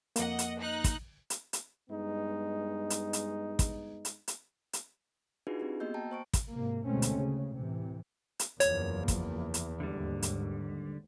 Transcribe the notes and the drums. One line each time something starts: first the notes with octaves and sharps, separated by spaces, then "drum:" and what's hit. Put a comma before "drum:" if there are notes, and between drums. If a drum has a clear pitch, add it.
F2 A#3 D#5 F#5, drum: hi-hat
drum: hi-hat
D#4 F#6
drum: kick, hi-hat
drum: hi-hat
drum: hi-hat
G2 G#3 B3 D#4
drum: hi-hat
drum: hi-hat
drum: kick, hi-hat
drum: hi-hat
drum: hi-hat
drum: hi-hat
D4 D#4 F4 F#4 G#4 B4
C4 G4 G#4
A#3 B3 F#4 D#5 E6 G6
G5 A5 A#5
C5 C#6 D7
drum: kick, hi-hat
G#2 C3 A#3
D2 B2 G#3 A3 C4 C#4
drum: hi-hat
C#3
A2 C3 E3
drum: hi-hat
F#1 E2 F3 A#3 C#5, drum: hi-hat
drum: kick, hi-hat
drum: hi-hat
D#2 G#2 D3 G3
drum: hi-hat